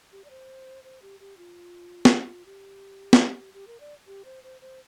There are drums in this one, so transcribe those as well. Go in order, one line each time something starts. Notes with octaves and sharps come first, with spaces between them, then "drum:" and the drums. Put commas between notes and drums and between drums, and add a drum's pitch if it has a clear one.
G4
D5
C5
C5
G4
G4
F4
drum: snare
G4
drum: snare
G4
A#4
D5
G4
C5
C5
C5